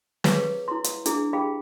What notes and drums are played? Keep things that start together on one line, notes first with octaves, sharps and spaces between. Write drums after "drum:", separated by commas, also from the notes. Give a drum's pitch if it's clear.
G#4 B4 C#5 F5 C#6, drum: snare
B4
E4 C6
drum: hi-hat
D4 E4 G#4, drum: hi-hat
G4 G#4 F5 G5 B5